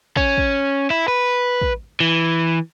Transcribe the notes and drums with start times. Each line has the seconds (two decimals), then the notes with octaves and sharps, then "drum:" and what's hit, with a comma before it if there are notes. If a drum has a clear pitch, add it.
0.17 C#4, drum: kick
0.38 drum: kick
0.90 E4
1.08 B4
1.62 drum: kick
2.00 E3